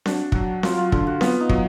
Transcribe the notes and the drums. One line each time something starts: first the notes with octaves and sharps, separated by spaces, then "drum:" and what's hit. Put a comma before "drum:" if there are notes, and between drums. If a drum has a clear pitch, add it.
D4 F#4, drum: snare C4
F#3 F#4, drum: kick
F#3 F4, drum: snare C4
F4
D3, drum: kick
F#4
B3 F4, drum: snare C4
D#4
F#3, drum: kick